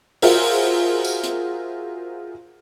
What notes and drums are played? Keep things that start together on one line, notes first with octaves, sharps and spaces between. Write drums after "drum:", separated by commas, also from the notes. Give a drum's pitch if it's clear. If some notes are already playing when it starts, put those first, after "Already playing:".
F4 F#4 G#4 A#4 C5 E5, drum: open hi-hat
drum: tambourine
drum: hi-hat